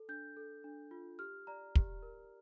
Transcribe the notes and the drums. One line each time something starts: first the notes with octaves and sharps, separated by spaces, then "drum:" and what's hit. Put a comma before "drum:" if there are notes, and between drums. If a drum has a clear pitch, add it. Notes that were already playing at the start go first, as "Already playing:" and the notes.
Already playing: A4
D4 G6
A4
D4
F4
G4 F6
D5 A#5
G4, drum: kick
A#4